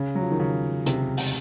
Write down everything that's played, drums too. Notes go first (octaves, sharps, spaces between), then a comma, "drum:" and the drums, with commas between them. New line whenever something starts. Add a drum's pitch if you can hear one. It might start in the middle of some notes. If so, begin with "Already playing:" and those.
Already playing: C#3
F#3
F3
D#3
C#3
C3, drum: hi-hat
drum: open hi-hat